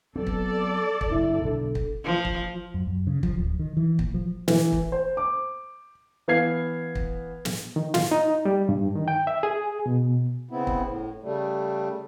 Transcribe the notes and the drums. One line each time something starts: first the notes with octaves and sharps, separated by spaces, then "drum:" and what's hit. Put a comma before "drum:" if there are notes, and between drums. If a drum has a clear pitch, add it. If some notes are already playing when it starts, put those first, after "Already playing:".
F#3 B3 C4 A4 D5
drum: kick
drum: kick
F#1 G2 E4
B1 D3 D4 A4
drum: kick
F3
drum: kick
F#2
F#2
C#3
F3, drum: kick
D1
D#3
E3
A#2, drum: kick
F3
E3, drum: snare
drum: kick
C5
D6
E3 B3 F5 G#6 C7
drum: kick
drum: snare
D#3
F4, drum: snare
D#4
G3
G2
D#3
G5
E5
G#4
B2
C#3 B3 C4 E4
drum: kick
A2
C#3 G3 A3